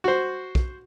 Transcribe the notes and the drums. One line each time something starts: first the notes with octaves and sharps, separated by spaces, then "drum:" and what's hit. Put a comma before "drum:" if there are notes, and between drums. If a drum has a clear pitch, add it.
F#4 C5
drum: kick